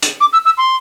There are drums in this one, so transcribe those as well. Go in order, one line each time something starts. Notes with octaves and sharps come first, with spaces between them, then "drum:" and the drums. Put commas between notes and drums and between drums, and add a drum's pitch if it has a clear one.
drum: hi-hat
D6
E6
E6
C6